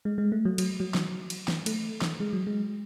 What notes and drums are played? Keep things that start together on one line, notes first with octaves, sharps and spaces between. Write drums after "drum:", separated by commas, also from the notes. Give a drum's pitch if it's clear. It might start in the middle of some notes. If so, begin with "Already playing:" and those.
G#3
G#3
A3
F#3
F#3, drum: cymbal
F#3
drum: snare
drum: cymbal
drum: snare
A3, drum: cymbal
drum: snare
G#3
F#3
G#3